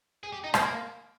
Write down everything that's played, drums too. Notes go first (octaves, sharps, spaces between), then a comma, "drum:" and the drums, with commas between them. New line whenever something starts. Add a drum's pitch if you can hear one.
G#4
G4
D#4
A#3, drum: rim click